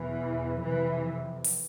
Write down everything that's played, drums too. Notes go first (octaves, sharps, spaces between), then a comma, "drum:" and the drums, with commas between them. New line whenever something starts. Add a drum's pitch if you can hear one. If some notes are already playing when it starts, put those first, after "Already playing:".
Already playing: E2 B2 E3
F2 C3 E3
drum: open hi-hat